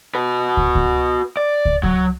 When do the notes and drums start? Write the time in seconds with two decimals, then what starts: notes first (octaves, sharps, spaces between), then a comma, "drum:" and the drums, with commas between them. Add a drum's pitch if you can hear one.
0.15 F#4 B4
0.57 drum: kick
0.75 drum: kick
1.37 D5
1.65 drum: kick
1.83 F#3, drum: kick